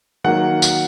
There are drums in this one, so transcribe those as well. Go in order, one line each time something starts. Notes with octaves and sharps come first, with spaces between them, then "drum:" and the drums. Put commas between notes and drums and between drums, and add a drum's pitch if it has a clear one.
D#3 F#3 A#3 F#5
drum: tambourine